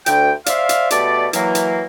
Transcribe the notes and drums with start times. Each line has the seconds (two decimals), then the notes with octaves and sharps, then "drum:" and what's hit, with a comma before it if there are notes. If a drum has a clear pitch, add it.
0.06 D2 G5, drum: hi-hat
0.46 C5 D5 E5 F5, drum: hi-hat
0.69 drum: hi-hat
0.90 B2 G3 A3 D5, drum: hi-hat
1.33 E3 F#3 A#3, drum: hi-hat
1.55 drum: hi-hat